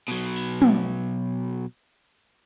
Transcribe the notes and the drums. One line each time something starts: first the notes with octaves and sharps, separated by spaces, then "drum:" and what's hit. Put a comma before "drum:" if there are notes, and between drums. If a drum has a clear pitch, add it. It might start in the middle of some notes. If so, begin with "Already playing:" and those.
B2 F#3
drum: cymbal
drum: tom